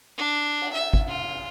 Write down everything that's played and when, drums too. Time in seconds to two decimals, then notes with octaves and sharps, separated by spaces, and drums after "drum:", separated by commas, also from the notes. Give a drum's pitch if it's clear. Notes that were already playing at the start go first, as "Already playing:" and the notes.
0.18 D4
0.62 drum: cymbal
0.73 E5
0.93 drum: kick
1.08 F4